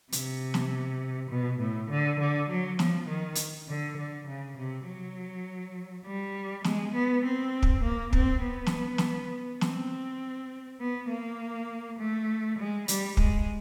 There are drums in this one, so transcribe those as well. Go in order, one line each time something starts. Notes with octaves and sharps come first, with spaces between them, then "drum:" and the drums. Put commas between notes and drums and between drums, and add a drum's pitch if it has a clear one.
C3, drum: hi-hat
drum: snare
B2
A2
D3
D3
F#3
F3, drum: snare
D#3
drum: hi-hat
D3
D3
C#3
C3
F#3
G3
G#3, drum: snare
B3
C4
drum: kick
A#3
C4, drum: kick
B3
drum: snare
drum: snare
C4, drum: snare
B3
A#3
A3
G#3
G3, drum: hi-hat
G#3, drum: kick